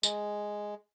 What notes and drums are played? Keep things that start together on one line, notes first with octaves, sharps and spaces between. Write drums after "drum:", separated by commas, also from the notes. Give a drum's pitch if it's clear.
G#3, drum: tambourine